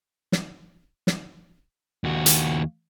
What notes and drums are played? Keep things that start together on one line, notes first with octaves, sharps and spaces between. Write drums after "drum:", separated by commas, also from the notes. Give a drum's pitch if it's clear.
drum: snare
drum: snare
D#2 F#4
drum: hi-hat